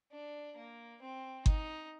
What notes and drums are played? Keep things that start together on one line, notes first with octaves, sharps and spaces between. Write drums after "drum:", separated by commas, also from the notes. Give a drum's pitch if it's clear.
D4
A#3
C4
D#4, drum: kick G1